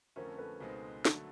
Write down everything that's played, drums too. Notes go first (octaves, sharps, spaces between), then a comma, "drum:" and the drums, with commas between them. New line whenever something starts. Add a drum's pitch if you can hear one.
F2 D3 F3 A3 C#4 A#4 C5
A4 B4
C#2 B2 G#3 C4 D#4
D3 F#3 A3, drum: snare